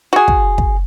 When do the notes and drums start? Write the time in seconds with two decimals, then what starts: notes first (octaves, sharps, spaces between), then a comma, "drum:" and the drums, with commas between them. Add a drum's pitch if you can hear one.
0.13 F#4 G#4
0.28 drum: kick
0.58 drum: kick